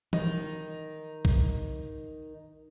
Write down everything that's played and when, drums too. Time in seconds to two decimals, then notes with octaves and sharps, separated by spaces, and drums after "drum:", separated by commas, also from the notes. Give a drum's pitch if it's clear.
0.13 D#3 D#4, drum: tom E3
1.25 drum: kick B1